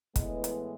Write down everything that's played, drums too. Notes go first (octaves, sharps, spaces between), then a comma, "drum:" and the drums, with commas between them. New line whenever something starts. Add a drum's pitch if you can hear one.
A2 E3 G#3 B3 D#5, drum: kick, hi-hat
drum: hi-hat